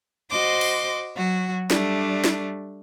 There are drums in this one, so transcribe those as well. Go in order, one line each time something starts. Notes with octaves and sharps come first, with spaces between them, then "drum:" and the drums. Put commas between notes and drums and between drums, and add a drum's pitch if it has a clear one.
F#4 C5 D#5 C6 D6
drum: cymbal
F#3 F#4
G3 A3 D4, drum: snare
drum: snare